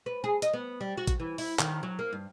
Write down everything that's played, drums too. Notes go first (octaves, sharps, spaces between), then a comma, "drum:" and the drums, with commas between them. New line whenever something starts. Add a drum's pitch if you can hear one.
B4
G#4
D#5, drum: hi-hat
B3
G3
F#4
drum: kick A1, hi-hat
E3
E4, drum: open hi-hat
D#3, drum: clap
F#3
A#3
G2